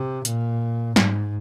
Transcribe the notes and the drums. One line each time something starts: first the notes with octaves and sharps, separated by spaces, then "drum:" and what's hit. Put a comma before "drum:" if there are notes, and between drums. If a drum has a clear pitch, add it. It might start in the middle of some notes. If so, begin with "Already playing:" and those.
Already playing: C3
A#2, drum: hi-hat
G#2, drum: snare